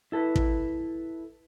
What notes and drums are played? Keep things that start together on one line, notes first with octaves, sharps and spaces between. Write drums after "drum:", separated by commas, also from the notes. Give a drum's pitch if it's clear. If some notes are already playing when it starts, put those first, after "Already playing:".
E4 A4 B4
drum: kick